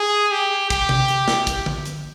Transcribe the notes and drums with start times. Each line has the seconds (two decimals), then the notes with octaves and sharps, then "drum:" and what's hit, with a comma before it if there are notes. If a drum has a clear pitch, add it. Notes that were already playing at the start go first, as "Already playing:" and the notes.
Already playing: G#4
0.31 G4
0.70 G4, drum: kick, hi-hat
0.89 drum: tom C3
1.08 drum: hi-hat
1.28 drum: snare
1.47 drum: kick, hi-hat
1.66 drum: tom
1.85 drum: hi-hat